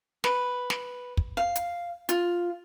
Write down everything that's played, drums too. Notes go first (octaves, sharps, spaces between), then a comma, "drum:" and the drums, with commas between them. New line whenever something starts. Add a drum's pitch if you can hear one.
B4, drum: snare
drum: snare
drum: kick
F5
drum: hi-hat
F4, drum: hi-hat